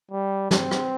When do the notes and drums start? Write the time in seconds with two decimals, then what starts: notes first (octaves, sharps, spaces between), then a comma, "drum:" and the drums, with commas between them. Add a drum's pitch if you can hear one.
0.11 G3
0.51 C4, drum: snare
0.71 drum: rim click